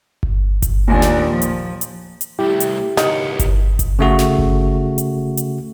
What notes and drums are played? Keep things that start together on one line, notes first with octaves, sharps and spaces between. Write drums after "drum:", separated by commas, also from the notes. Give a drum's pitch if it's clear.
drum: kick G1
drum: kick G1, hi-hat
D#2 A#2 D4 G#5
drum: snare
F3
drum: hi-hat
drum: hi-hat
drum: hi-hat
C2 A3 E4 G4
drum: hi-hat
C#2 D#3 B3, drum: snare
drum: kick G1, hi-hat
drum: kick G1, hi-hat
C#3 A3 F#4
drum: snare
drum: kick G1
drum: hi-hat
drum: hi-hat